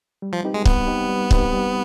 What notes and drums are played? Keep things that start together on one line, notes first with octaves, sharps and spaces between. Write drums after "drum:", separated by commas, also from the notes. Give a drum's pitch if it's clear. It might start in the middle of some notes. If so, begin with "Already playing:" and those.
G3
F3
C4 D#4 G4 B4
G#3
G3 B3, drum: kick
C4 D#4 G4 B4
G3
C4 D#4 G4 B4, drum: kick
G3